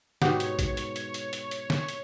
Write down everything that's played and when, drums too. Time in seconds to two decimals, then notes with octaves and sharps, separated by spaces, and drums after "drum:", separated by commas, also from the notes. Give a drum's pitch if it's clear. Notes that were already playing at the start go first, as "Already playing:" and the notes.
0.22 G#2 B2 D#4 G4 C#5 F#5, drum: snare
0.40 drum: hi-hat
0.59 drum: kick A#1, hi-hat
0.77 drum: hi-hat
0.96 drum: hi-hat
1.14 drum: hi-hat
1.33 drum: hi-hat
1.51 drum: hi-hat
1.70 drum: snare
1.88 drum: hi-hat